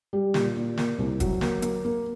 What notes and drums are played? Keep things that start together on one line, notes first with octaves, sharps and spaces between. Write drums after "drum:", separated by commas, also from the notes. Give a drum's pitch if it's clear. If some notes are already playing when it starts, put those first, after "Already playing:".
G3
A#2, drum: snare
A#2
A#3, drum: snare
C2
F#3, drum: kick, hi-hat
A#3, drum: snare
A#3, drum: hi-hat
A#3